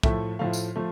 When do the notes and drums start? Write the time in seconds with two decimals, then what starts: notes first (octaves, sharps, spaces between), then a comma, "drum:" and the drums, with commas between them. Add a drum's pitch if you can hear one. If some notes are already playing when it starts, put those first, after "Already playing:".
0.03 A2 F3 A3 E5, drum: kick
0.39 A2 F3 A3 F5
0.53 drum: tambourine
0.76 F3 A3